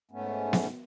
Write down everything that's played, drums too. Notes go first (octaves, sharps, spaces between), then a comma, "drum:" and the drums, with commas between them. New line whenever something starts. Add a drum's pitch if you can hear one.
G#2 A3 B3 C#4
drum: snare B3